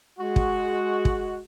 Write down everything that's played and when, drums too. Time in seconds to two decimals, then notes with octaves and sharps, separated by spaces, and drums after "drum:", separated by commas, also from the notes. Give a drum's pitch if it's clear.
0.19 G#3 F#4
0.36 drum: kick
1.05 drum: kick